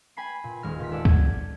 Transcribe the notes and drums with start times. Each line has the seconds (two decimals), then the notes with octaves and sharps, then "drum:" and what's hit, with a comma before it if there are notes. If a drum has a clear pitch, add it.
0.17 G5 G#5 B5 B6 C7
0.44 A#2
0.62 D#1 G#3 F6 A#6
0.80 A#2 B6
0.91 G#1 A4 D5 F#5 E7
1.05 G6 G#6, drum: kick